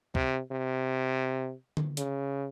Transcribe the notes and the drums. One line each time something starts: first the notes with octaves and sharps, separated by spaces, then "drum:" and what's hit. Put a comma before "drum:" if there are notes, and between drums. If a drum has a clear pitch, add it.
C3, drum: kick
C3
drum: tom D3
C#3, drum: hi-hat